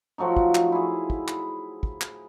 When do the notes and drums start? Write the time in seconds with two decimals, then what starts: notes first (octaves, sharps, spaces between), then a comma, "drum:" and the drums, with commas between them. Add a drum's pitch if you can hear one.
0.18 F3 F#3 A3 D#4
0.37 drum: kick
0.55 drum: clap
0.72 E4 G#4
1.10 drum: kick
1.28 drum: clap
1.83 drum: kick
2.01 drum: clap